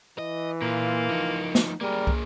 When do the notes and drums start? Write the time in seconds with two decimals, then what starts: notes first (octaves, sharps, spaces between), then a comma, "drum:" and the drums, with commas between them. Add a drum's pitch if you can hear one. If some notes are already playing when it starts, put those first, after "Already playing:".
0.19 E3 D#5
0.62 A#2 A#3 F4
1.10 F3 D#4
1.55 drum: snare
1.81 G3 A#3 G#4 A#4
2.07 drum: kick